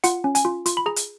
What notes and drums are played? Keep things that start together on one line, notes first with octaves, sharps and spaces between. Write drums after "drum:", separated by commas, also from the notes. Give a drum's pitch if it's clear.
F4 F#5, drum: hi-hat
C#4
G#5, drum: hi-hat
F4
F4, drum: hi-hat
B5
G#4 A#5
drum: hi-hat